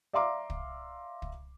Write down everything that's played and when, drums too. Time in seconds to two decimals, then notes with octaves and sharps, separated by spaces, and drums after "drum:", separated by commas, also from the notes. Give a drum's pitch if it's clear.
0.13 D5 E5 F5 A#5 C6 D6
0.50 drum: kick
1.22 drum: kick